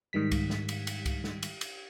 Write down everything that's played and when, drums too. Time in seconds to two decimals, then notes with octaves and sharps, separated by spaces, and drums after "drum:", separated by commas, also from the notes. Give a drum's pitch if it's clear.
0.13 G#2 D#3 G3 B6
0.32 drum: kick C2, cymbal
0.50 drum: snare
0.69 drum: cymbal
0.87 drum: cymbal
1.06 drum: kick C2, cymbal
1.24 drum: snare
1.43 drum: cymbal
1.61 drum: cymbal